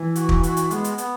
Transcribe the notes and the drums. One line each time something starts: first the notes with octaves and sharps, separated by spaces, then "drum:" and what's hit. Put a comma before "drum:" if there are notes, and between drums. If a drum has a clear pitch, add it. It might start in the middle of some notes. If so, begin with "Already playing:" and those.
Already playing: E3
F#4, drum: hi-hat
drum: kick
F#4, drum: hi-hat
drum: hi-hat
G#3 B3, drum: hi-hat
drum: hi-hat
B3, drum: hi-hat